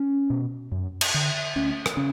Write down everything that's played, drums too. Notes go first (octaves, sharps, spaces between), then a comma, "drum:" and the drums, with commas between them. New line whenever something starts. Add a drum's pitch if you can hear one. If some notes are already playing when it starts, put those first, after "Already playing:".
Already playing: C#4
B2
F#2
drum: cymbal
D3
D2 C#4
drum: rim click
C#3 C#4